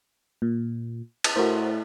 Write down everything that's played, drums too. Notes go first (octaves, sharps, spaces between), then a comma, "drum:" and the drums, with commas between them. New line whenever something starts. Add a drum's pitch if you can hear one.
A#2
drum: cymbal
A2 F#4 A#4 C5